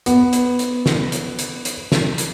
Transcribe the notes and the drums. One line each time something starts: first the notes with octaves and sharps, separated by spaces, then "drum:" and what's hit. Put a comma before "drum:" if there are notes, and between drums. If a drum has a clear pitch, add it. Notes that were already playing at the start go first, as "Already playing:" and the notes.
B3, drum: hi-hat
drum: hi-hat
drum: hi-hat
drum: snare
drum: hi-hat
drum: hi-hat
drum: hi-hat
drum: snare
drum: hi-hat